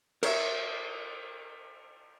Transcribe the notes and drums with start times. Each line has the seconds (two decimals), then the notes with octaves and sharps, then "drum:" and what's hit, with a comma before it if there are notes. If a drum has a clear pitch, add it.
0.23 A#4 C#5 E5, drum: cymbal